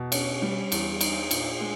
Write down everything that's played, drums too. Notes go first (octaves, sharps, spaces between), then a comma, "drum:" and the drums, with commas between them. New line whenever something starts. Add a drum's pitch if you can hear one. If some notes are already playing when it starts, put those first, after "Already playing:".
Already playing: E2 B2
C#4, drum: cymbal
G3
E2, drum: cymbal
D#4, drum: cymbal
A#2, drum: cymbal
G#3